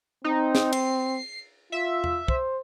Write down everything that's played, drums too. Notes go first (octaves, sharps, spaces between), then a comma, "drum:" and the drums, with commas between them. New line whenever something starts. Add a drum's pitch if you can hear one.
C4 D#4
drum: snare
C7, drum: cymbal
F4 E5
drum: tom E2
C5, drum: kick